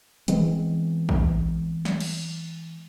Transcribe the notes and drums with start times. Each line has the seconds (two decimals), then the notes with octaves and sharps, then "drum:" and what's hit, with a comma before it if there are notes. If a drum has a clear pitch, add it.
0.28 E3 G#3 B3 C4, drum: hi-hat
1.09 drum: kick
1.85 drum: snare
2.00 drum: cymbal